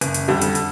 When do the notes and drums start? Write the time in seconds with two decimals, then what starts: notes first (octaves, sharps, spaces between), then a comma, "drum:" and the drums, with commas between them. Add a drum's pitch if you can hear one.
0.01 F#1, drum: hi-hat
0.14 drum: hi-hat
0.28 F2 D3 G3
0.41 drum: hi-hat
0.55 drum: hi-hat